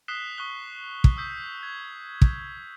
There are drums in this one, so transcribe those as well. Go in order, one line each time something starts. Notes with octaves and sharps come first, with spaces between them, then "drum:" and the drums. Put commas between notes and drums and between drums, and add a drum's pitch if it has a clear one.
D#6 F#6 B6 C7 E7 G7
C#6 D#6 F#6 G7
drum: kick
D#6 E6 G6 B6
G#6
drum: kick